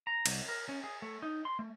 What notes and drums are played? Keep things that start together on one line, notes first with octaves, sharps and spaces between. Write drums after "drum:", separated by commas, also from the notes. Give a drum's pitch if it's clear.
A#5
C2, drum: cymbal
A#4
C#4
G#4
A3
D#4
C6
A3